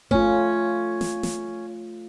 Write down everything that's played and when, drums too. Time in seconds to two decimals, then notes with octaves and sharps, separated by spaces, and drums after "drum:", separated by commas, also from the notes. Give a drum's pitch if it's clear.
0.11 A3 C#4 F4, drum: kick G1
1.01 drum: snare
1.23 drum: snare